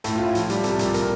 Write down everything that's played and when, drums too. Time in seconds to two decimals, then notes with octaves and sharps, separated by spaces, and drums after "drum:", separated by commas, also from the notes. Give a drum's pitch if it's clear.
0.04 A2 A4, drum: hi-hat
0.15 A2 F4
0.27 E4
0.35 F3 F4, drum: hi-hat
0.50 G3 G4, drum: hi-hat
0.64 C2 A4, drum: hi-hat
0.79 A#2, drum: hi-hat
0.94 A#4, drum: hi-hat